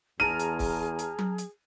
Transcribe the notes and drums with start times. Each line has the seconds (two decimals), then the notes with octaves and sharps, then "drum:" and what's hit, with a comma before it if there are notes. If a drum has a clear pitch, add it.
0.20 E2 G#4 A5 A#5 F6 D#7, drum: snare
0.39 drum: hi-hat
0.59 drum: kick, open hi-hat
0.99 drum: hi-hat
1.19 drum: tom F#3
1.38 drum: hi-hat